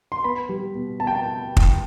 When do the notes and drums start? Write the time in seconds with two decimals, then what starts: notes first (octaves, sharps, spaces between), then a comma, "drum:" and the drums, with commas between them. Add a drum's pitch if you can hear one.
0.12 C6
0.24 B3 B5
0.49 G3
0.74 B2
1.00 B2 A5
1.07 G5
1.15 A5
1.57 drum: kick